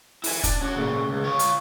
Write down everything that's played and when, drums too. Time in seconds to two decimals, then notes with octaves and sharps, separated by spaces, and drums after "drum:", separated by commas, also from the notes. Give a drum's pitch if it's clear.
0.24 E4 G#5, drum: open hi-hat
0.43 D4, drum: kick, hi-hat
0.61 C#4 F#4
0.76 A#2 C#3
1.09 C#2
1.24 F4 C#5
1.39 drum: hi-hat